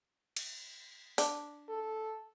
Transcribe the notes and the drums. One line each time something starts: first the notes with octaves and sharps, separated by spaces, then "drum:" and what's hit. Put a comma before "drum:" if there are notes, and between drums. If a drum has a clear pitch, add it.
drum: cymbal
D4, drum: open hi-hat
A4